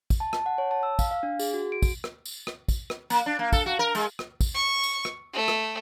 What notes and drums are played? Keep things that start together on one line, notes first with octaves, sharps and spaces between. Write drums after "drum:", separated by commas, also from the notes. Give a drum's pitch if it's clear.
drum: kick, tambourine
A5
A5, drum: rim click
F#5
C#5
A5
E6
F5, drum: kick, tambourine
F5
D4
G#4, drum: tambourine
F#4
D7
drum: kick, tambourine
drum: rim click
drum: tambourine
drum: rim click
drum: kick, tambourine
drum: rim click
A#3, drum: tambourine
D4
A#3
A4, drum: kick, tambourine
F#4
A#4
G#3, drum: tambourine
drum: rim click
drum: kick, tambourine
C#6
drum: tambourine
drum: rim click
A3
drum: rim click